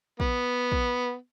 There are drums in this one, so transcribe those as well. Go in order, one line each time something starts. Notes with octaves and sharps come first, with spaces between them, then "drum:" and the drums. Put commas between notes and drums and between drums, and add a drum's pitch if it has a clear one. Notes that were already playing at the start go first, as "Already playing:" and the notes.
B3, drum: kick
drum: kick